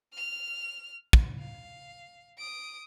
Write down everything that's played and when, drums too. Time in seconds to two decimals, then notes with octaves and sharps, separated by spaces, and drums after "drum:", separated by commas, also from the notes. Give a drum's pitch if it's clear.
0.13 F6 F7
1.13 drum: kick
1.39 F5
2.38 D#6 D7